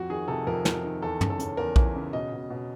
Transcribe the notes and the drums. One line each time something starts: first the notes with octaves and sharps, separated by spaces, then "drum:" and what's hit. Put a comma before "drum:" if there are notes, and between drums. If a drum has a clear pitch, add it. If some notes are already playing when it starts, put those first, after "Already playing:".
Already playing: F2 F#4
D#3 G#4
C3 A4
F2 A#4
F2 A#4, drum: snare
D#3
E2 A4
C#3, drum: tom
A4
C#3, drum: hi-hat
E2 A#4
E3, drum: kick A#1
C#3
B2 D#5
B2
B2